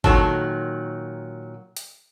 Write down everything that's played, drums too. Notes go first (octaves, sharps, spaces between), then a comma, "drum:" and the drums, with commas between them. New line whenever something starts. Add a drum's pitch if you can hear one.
A#2 D#3 F#3 A4 C#5, drum: kick G1
drum: hi-hat